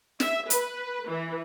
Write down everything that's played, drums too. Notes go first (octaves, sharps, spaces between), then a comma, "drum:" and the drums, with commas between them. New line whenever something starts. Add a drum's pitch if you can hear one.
E5, drum: snare
B4, drum: hi-hat
E3